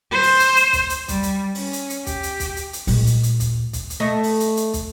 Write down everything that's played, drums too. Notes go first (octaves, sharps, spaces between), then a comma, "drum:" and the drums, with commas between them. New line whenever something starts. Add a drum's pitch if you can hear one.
C5
drum: open hi-hat
drum: hi-hat
drum: hi-hat
drum: kick, hi-hat
drum: hi-hat
G3, drum: kick, hi-hat
drum: hi-hat
C#4, drum: open hi-hat
drum: hi-hat
drum: hi-hat
G4, drum: kick, hi-hat
drum: hi-hat
drum: kick, hi-hat
drum: hi-hat
drum: hi-hat
A#2 G#3, drum: open hi-hat
drum: hi-hat
drum: hi-hat
drum: kick, hi-hat
drum: kick, hi-hat
drum: hi-hat
A3 D#5
drum: open hi-hat
drum: hi-hat
drum: hi-hat
drum: kick, hi-hat